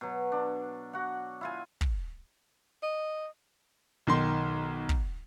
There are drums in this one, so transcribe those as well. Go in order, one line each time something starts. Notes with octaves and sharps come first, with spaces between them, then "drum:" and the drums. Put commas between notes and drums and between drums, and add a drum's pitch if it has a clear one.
B2 F#3
D4
F#4 F#5
E4 F4 G#5
drum: kick
D#5
B1 D#3 C6
drum: kick